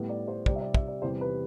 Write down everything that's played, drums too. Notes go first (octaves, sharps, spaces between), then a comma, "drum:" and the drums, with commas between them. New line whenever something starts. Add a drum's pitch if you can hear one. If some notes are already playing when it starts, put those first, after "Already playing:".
Already playing: A2 G3 B3
D5
C5
C3 G3 C4 D5, drum: kick
E5
D5
E5, drum: kick
D5
E2 C3 E3 G3 C5
B4